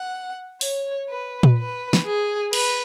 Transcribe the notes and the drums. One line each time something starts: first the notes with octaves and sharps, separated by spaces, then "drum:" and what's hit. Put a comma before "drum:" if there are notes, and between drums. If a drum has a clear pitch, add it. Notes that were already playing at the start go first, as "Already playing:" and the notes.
Already playing: F#5
C#5, drum: open hi-hat
B4
drum: tom A#2
B4
drum: snare
G#4
B4, drum: cymbal